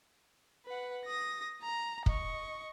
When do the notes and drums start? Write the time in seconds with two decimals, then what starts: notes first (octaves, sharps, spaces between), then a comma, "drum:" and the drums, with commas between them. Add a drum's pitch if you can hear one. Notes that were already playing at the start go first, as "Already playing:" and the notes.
0.66 B4 F#5
1.06 D#6 A#6
1.62 A#5
2.06 D#5 C#6, drum: kick